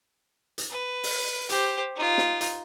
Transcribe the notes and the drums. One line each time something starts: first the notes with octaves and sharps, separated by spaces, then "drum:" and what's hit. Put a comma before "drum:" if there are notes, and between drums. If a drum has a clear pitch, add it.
drum: hi-hat
B4
drum: open hi-hat
G4 C5, drum: hi-hat
D#4 F4
drum: snare
drum: hi-hat